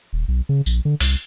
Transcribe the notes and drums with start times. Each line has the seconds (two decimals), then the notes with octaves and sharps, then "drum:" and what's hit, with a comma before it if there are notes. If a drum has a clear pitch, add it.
0.13 D#1
0.28 B1
0.49 C#3
0.66 A#1, drum: tambourine
0.85 D3
1.00 C2, drum: open hi-hat